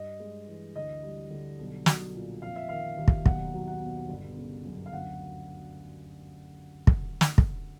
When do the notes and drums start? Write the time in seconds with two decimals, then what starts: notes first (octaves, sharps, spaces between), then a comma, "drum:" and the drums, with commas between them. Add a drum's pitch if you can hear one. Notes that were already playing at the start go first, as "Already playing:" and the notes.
Already playing: G2 D#5
0.20 G#3
0.48 E3
0.76 D2 D#5
1.03 G3
1.30 D3
1.59 B1
1.86 F#3, drum: snare
2.15 A#2
2.42 F1 F5
2.56 E5
2.69 D#3 F5
2.98 D#2
3.08 drum: kick
3.26 B1 F#5, drum: kick
3.54 F#3
3.68 F#5
3.81 B2
4.09 G1
4.37 C#3
4.65 F#2
4.86 F5
4.93 D2 F#5
6.87 drum: kick
7.21 drum: snare
7.38 drum: kick